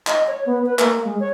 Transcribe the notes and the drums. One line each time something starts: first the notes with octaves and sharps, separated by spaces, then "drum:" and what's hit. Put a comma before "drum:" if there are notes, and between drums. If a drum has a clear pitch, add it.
D#5, drum: clap
C#5
B3
B4
A#3, drum: clap
G#3
C#5